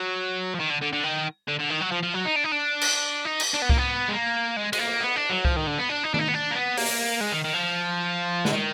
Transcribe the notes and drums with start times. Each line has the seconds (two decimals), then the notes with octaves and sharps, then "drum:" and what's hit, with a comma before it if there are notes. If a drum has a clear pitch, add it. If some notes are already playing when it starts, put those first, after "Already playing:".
Already playing: F#3
0.55 F3
0.60 D#3
0.70 D3
0.82 D3
0.93 D3
1.04 D#3
1.48 D3
1.60 D3
1.71 D#3
1.81 F#3
1.92 F3
2.03 F3
2.14 F#3
2.25 D#4
2.36 D4
2.44 D#4
2.52 D4
2.81 drum: cymbal
3.25 D#4
3.40 drum: cymbal
3.54 D4
3.62 B3
3.69 A#3, drum: kick C2
3.78 B3
4.08 G#3
4.13 A#3
4.57 G#3
4.73 G#3, drum: cymbal
4.79 A#3
5.00 B3
5.16 D4
5.30 F#3
5.45 F3, drum: kick C2
5.56 D#3
5.67 D3
5.78 B3
5.89 D4
6.03 D#4
6.14 D4, drum: tom D#3
6.19 D#4
6.28 B3
6.34 D4
6.51 A#3
6.55 B3
6.77 A#3, drum: open hi-hat
7.21 G#3
7.32 D#3
7.44 D#3
7.54 F3
8.45 D3, drum: snare
8.53 D#3